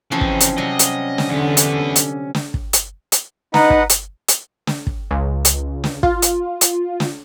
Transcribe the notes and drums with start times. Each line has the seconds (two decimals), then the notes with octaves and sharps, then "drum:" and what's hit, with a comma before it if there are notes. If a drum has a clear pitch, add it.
0.12 C#3 E3 F3 C4 C#4 D#4
0.21 drum: kick
0.41 drum: hi-hat
0.58 C3 F#3 G3 D#5
0.79 drum: hi-hat
1.18 drum: snare
1.30 E2 D3 B3
1.57 drum: hi-hat
1.96 drum: hi-hat
2.35 drum: snare
2.54 drum: kick
2.73 drum: hi-hat
3.12 drum: hi-hat
3.54 D#4 B4 D#5 F#5 A#5, drum: snare
3.70 drum: kick
3.90 drum: hi-hat
4.28 drum: hi-hat
4.67 drum: snare
4.87 drum: kick
5.11 C#2
5.45 drum: hi-hat
5.84 drum: snare
6.03 F4, drum: kick
6.22 drum: hi-hat
6.61 drum: hi-hat
7.00 drum: snare